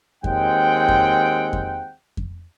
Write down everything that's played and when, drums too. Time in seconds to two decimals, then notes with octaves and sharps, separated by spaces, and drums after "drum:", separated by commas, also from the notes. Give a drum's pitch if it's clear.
0.24 D#2 G#3 C4 F#5 G5, drum: kick F2
0.88 drum: kick F2
1.53 drum: kick F2
2.17 drum: kick F2